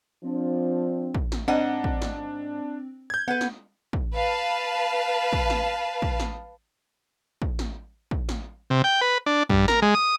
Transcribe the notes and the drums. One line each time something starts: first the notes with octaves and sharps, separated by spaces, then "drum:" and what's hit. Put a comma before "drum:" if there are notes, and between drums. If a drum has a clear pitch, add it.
F3 C4 D4
drum: kick
drum: snare
G#2 C4 D4 D#5 F#5
drum: kick
drum: snare
G6 G#6
B3 B4 F#5
drum: snare
drum: kick
B4 F5 A5
drum: kick
drum: snare
drum: kick
drum: snare
drum: kick
drum: snare
drum: kick
drum: snare
C3
G5
B4
D4
G2, drum: kick
A#4, drum: snare
G#3
D#6